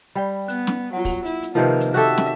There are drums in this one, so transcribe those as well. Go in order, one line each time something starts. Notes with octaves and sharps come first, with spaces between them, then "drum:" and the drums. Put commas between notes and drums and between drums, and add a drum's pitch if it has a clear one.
G3 D5 G5 B5
B3 F#6, drum: hi-hat
drum: snare
F#3 F4 F#5
drum: kick, open hi-hat
E4, drum: hi-hat
drum: hi-hat
C3 D#3 F3 A#3 A#4 B4
drum: hi-hat
F#4 G4 A4 E5 F#6
drum: snare